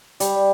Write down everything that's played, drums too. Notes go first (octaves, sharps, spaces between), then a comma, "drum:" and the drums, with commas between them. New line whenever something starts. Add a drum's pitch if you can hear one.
G3, drum: hi-hat